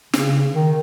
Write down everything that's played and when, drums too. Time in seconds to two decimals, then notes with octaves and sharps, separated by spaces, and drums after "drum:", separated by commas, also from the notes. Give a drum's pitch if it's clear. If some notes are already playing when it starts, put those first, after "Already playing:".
0.13 C#3, drum: snare
0.53 D#3